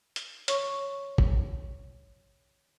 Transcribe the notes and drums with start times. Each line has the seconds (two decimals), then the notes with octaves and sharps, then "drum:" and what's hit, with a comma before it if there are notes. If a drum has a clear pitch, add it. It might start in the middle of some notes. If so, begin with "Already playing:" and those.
0.16 drum: hi-hat
0.48 C#5 C#6, drum: hi-hat
1.18 drum: kick